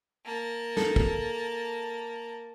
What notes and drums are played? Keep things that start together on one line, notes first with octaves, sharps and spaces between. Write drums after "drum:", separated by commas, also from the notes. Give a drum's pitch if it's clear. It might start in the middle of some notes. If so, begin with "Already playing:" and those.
A#3 A5
A4, drum: snare
drum: kick